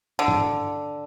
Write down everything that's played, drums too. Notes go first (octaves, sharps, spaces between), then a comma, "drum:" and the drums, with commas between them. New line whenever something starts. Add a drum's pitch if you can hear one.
D3
drum: tom G2